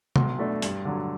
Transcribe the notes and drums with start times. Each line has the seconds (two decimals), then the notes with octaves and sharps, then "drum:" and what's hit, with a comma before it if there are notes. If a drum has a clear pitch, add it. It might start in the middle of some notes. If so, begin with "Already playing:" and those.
0.16 B1, drum: tom C3
0.38 B2 A3 D4
0.62 G2, drum: hi-hat
0.85 D3 F#3